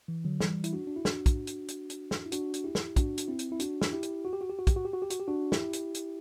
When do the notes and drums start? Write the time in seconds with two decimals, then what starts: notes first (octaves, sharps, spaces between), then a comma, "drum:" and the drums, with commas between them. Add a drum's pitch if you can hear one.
0.08 E3
0.24 D3 F#3
0.40 E3 G3, drum: snare
0.64 E4, drum: hi-hat
0.73 D4 F#4
0.87 D4
0.96 E4
1.05 D4 F#4, drum: snare
1.26 drum: kick, hi-hat
1.47 drum: hi-hat
1.68 drum: hi-hat
1.90 drum: hi-hat
2.11 drum: snare
2.26 E4
2.32 D4 F#4, drum: hi-hat
2.54 drum: hi-hat
2.64 E4 G4
2.75 drum: snare
2.96 D4 F#4, drum: kick, hi-hat
3.18 drum: hi-hat
3.28 C4 E4
3.39 drum: hi-hat
3.52 E4
3.60 D4 F#4, drum: hi-hat
3.82 drum: snare
3.92 E4 G4
4.03 drum: hi-hat
4.25 F#4
4.33 G4
4.41 F#4
4.50 G4
4.59 F#4
4.67 G4, drum: kick, hi-hat
4.76 F#4
4.85 G4
4.93 F#4
5.02 G4
5.10 F#4, drum: hi-hat
5.20 G4
5.28 D4 F#4
5.52 E4 G4, drum: snare
5.73 drum: hi-hat
5.95 drum: hi-hat